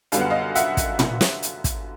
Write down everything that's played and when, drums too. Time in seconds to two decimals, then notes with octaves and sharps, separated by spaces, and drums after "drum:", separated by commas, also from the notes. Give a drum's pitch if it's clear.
0.12 F#2 D3 G3 B3 F5, drum: hi-hat
0.21 F#5
0.30 D#5 F5
0.55 E5 F#5, drum: hi-hat
0.77 drum: kick, hi-hat
0.99 drum: tom
1.21 drum: snare
1.42 drum: hi-hat
1.64 drum: kick, hi-hat